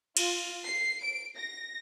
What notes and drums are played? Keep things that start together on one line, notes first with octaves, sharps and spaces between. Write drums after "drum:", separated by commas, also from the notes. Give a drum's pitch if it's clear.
F4, drum: cymbal
C7
D7
A#6